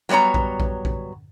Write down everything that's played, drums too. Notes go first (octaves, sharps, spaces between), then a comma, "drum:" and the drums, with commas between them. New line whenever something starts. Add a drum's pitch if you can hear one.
F#3 G3 B3 C#5 A#5
drum: kick A#1
drum: kick A#1
drum: kick A#1